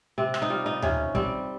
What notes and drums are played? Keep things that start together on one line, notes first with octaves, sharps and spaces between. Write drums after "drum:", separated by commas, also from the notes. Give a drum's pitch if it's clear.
C3 C4
C4, drum: rim click
D#4
G3 F4
D#4
C3 C#4, drum: tom D2
G3 C4, drum: kick